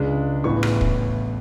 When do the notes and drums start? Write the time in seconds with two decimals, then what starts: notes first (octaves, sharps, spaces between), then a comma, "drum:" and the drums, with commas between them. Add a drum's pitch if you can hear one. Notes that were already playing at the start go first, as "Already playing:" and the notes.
Already playing: C#2 C#3 G#3 D4
0.44 A1 A2 E3 B3 C#6
0.63 drum: rim click
0.81 drum: kick